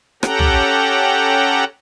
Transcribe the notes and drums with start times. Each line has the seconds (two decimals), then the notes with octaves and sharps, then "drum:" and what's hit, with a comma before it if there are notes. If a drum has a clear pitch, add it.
0.23 C#4 G4 A4 F#5 G5 A#5, drum: rim click
0.39 drum: tom